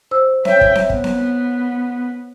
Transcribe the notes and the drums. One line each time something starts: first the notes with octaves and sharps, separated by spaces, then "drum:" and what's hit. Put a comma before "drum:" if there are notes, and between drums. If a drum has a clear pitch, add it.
C5 E6
C#5 E5 G5, drum: snare C4
drum: kick
drum: snare C4
B3, drum: kick
drum: snare C4